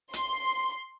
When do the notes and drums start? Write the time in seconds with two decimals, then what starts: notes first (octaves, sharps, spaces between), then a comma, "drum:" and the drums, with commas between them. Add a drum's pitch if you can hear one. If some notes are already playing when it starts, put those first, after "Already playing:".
0.13 C6, drum: hi-hat